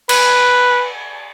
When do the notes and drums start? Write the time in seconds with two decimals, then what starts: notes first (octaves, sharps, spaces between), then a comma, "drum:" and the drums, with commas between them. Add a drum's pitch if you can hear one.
0.09 B4, drum: cymbal